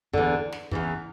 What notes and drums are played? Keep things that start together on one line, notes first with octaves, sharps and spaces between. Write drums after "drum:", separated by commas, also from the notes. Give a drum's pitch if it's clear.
E2 D3, drum: kick
drum: snare
E2 C#3 E3, drum: kick